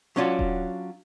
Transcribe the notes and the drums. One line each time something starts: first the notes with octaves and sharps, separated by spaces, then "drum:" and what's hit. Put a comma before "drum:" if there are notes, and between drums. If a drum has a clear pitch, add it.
F#3 C#4 D4 F4 F#4
drum: kick D#1